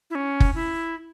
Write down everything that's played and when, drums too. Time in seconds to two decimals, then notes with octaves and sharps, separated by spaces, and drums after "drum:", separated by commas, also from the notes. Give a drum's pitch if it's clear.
0.10 E4
0.15 C#4
0.40 drum: kick F#1
0.55 E4